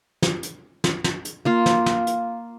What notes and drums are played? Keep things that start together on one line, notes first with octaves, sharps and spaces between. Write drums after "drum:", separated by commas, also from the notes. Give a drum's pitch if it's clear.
drum: snare
drum: hi-hat
drum: snare
drum: snare
drum: hi-hat
A#3 F4 F5
drum: snare
drum: snare
drum: hi-hat